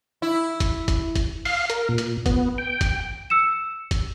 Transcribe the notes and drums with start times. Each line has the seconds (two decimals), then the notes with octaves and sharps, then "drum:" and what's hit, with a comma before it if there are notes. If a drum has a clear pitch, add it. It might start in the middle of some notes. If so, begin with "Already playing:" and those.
0.22 E4
0.60 drum: kick, hi-hat
0.88 drum: kick, hi-hat
1.15 drum: kick, hi-hat
1.45 F5, drum: open hi-hat
1.70 A#4, drum: hi-hat
1.89 A#2
1.98 drum: hi-hat
2.26 B3, drum: kick, hi-hat
2.58 G5
2.81 drum: kick, hi-hat
3.30 E6 C#7 E7
3.91 drum: kick, hi-hat